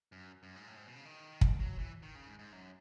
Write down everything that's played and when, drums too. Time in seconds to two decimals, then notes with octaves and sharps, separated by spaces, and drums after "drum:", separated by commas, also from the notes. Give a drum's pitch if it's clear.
0.12 F#2
0.43 F#2
0.56 G#2
0.67 A2
0.76 G#2
0.87 B2
0.96 C#3
1.05 D#3
1.41 drum: kick
1.60 F#3
1.79 E3
2.03 D#3
2.15 C#3
2.27 G#2
2.39 G#2
2.52 F#2